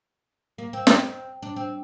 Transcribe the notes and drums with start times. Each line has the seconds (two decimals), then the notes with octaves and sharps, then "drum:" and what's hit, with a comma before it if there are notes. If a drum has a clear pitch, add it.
0.58 A#3
0.73 C4
0.87 C4, drum: snare
1.43 D4
1.56 C4